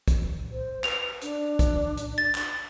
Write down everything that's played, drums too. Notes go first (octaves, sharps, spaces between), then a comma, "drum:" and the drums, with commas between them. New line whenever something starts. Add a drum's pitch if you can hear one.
drum: kick, hi-hat
C5
B4 F7, drum: clap
D4, drum: hi-hat
drum: kick, hi-hat
drum: hi-hat
A6
drum: clap